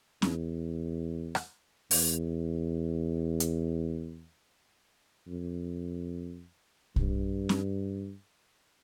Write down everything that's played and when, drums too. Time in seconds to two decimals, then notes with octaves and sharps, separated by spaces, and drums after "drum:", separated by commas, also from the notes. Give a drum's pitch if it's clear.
0.22 E2, drum: snare
1.35 drum: rim click
1.91 E2, drum: open hi-hat
3.40 drum: hi-hat
5.27 F2
6.96 G2, drum: kick
7.49 drum: snare